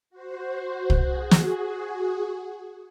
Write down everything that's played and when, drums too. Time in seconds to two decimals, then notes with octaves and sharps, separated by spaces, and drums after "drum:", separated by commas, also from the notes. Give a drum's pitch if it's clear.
0.10 F#4 C5
0.90 drum: kick
1.01 F#4 G#4
1.31 drum: snare